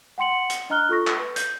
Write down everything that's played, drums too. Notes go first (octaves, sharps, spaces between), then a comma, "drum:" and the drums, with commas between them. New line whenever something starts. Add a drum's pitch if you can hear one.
F#5 G5 C6 C#7 F#7
drum: hi-hat
D4 D#5 A#5 F6 F#6 G7
F4 A4 C#6 A#6
drum: clap
B4
G6, drum: hi-hat